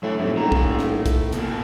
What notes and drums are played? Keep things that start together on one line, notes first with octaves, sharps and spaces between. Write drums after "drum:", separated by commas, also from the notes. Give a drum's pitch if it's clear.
A2 F#3 E5
F1 G2 A#2
D#1 A2 A#5
drum: kick
drum: snare
drum: kick, hi-hat
B2 A#3, drum: hi-hat